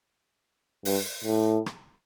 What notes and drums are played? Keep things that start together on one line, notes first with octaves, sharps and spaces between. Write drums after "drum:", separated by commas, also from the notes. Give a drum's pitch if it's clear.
G2, drum: open hi-hat
A2
drum: rim click